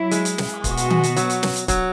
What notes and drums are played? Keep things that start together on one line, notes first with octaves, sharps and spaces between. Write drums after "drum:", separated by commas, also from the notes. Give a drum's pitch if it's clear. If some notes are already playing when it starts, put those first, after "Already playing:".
Already playing: F#3 E4
G#3, drum: hi-hat
drum: hi-hat
drum: snare
B2 B3 F#4, drum: kick, hi-hat
drum: hi-hat
drum: tom D#3
drum: hi-hat
F#3, drum: hi-hat
drum: hi-hat
drum: snare
drum: hi-hat
F#3, drum: kick, hi-hat